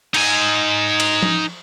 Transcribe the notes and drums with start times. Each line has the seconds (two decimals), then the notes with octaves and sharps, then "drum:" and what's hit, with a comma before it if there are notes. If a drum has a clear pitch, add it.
0.14 D#4 G#5, drum: cymbal
1.00 drum: cymbal
1.23 drum: tom F3